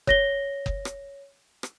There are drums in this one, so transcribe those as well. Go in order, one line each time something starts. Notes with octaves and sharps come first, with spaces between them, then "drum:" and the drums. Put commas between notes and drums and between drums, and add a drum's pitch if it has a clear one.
C#5 A#6 G7, drum: kick F#1
drum: kick F#1
drum: rim click
drum: rim click